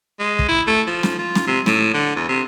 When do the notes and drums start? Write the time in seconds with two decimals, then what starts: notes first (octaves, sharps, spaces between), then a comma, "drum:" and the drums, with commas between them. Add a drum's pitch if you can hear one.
0.19 G#3
0.39 drum: kick
0.49 E4
0.67 A3
0.87 F3
1.03 drum: snare
1.19 F4
1.35 drum: snare
1.47 C3
1.66 A2, drum: snare
1.94 D3
2.16 E2
2.29 C3